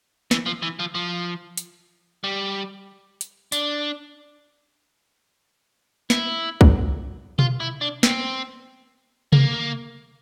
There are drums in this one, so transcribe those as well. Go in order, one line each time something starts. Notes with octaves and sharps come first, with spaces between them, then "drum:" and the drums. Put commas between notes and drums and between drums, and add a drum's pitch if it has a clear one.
E3, drum: snare
F3
E3
F3
F3
drum: hi-hat
G3
drum: hi-hat
D4, drum: hi-hat
E4, drum: snare
drum: kick
F4, drum: tom B2
E4
D4
C4, drum: snare
A#3, drum: tom C3